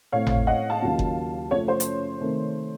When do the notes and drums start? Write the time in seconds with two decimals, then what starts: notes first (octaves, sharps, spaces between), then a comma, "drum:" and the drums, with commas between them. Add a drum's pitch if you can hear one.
0.12 A2 A3 C4 C#5 F5
0.27 drum: tom G#1
0.47 D#5 F#5
0.70 F5 A5
0.82 D#2 C#3 F#3 A#3 F4
0.99 drum: kick F#1
1.51 F#2 C#3 F3 A3 C#5
1.68 C5
1.80 drum: hi-hat
2.20 C3 D#3 A3